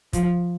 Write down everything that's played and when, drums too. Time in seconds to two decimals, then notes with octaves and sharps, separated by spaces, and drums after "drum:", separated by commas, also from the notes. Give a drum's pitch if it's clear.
0.13 F3, drum: kick, hi-hat